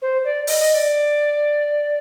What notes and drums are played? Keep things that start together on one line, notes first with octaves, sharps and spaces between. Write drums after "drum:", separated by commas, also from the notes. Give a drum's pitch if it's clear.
C5
D5
D#5, drum: open hi-hat
D#5
D#5
D5